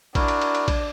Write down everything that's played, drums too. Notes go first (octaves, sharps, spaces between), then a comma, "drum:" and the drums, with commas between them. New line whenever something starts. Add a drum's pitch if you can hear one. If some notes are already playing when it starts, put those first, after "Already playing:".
D4 E4 F#4 A#4, drum: kick, cymbal
drum: cymbal
drum: cymbal
drum: cymbal
drum: kick, cymbal